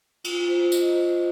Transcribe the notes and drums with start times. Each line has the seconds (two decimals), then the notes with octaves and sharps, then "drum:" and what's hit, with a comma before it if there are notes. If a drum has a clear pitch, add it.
0.24 F4, drum: cymbal
0.48 C5
0.72 D#5, drum: tambourine
0.95 C5